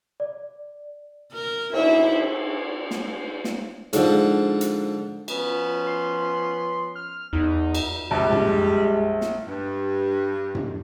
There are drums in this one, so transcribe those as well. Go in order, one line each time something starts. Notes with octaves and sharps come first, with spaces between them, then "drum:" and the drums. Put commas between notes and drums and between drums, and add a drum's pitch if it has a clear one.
D5
A#4
E4, drum: cymbal
drum: snare
drum: snare
G#2 D3 F3, drum: hi-hat
drum: hi-hat
F3 B3 C#4, drum: cymbal
C6
F6
E2 D#4
drum: cymbal
A#1 G3 G#3 A5 F#6
drum: tom F#2
drum: snare
G2
drum: tom F#2